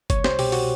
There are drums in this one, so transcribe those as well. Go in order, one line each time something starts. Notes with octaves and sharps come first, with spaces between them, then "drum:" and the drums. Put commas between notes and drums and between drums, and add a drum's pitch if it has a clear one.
C2 C#5, drum: kick F#1, hi-hat
C5, drum: snare
B2 G4, drum: open hi-hat
F#4, drum: open hi-hat